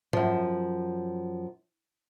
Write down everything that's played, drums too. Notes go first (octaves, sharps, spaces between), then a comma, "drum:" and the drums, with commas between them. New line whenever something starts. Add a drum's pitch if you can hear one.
F#2 F3, drum: tom G#2